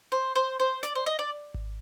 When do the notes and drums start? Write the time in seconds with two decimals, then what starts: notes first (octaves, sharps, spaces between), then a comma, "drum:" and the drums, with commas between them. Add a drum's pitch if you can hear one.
0.12 C5
0.35 C5
0.60 C5
0.83 D5, drum: snare
0.95 C5
1.06 D#5
1.19 D5
1.54 drum: kick G#1